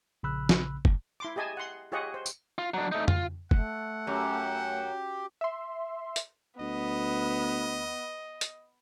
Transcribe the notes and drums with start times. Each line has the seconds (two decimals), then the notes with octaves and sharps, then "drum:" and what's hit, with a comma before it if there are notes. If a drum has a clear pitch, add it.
0.23 A#1 C#3 B5 E6 F#6
0.49 drum: snare
0.85 drum: kick
1.20 E4 C6 D6
1.36 G4 G#4 D#5 G#5 A5
1.57 F#5 C6
1.92 F4 G4 G#4 C#5 D#5 F#5
2.14 C5
2.26 drum: tambourine
2.58 F4
2.74 F#3 D4
2.92 A3 D#4
3.08 F4, drum: tom F2
3.51 A3 F#5, drum: kick
4.07 F#2 G4
5.41 E5 C6
6.16 drum: hi-hat
6.60 D2 B3 D#5
8.41 drum: hi-hat